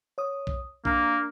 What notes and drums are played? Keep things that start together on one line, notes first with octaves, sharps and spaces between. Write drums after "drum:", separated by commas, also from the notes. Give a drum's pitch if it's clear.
C#5 D#6
drum: kick
A#3 D4 A#5 F6, drum: kick